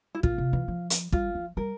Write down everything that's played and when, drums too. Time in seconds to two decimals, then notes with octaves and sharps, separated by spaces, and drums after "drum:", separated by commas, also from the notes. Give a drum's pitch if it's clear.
0.15 E4
0.23 A#2 F4, drum: kick
0.38 C3
0.53 E3
0.68 F3
0.90 drum: hi-hat
1.12 G3 F4, drum: kick
1.35 F3
1.57 G3 A#4